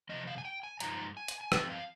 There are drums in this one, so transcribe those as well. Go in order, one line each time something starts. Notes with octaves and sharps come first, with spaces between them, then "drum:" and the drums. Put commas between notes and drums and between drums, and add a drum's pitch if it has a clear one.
C3 F3 D#5
F5
G#5
G5
G#5
G2 F3 G#3 D#4 A#5, drum: hi-hat
G#5
drum: hi-hat
G#5
G2 F3 C4 G5, drum: rim click
F5